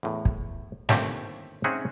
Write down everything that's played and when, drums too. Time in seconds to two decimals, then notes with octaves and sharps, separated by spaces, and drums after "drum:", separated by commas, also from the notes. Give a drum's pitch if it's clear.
0.03 E2 A2
0.25 drum: kick
0.89 G1 D#2 A3 C4 G4 C#5, drum: snare
1.64 C4 C#4 D#4 G#4 E5 F#5